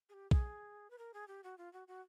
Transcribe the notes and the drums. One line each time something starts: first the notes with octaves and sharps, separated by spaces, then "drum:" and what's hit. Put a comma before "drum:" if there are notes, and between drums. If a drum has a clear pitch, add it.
G#4
G4
G#4, drum: kick
B4
A#4
G#4
G4
F#4
F4
F#4
F#4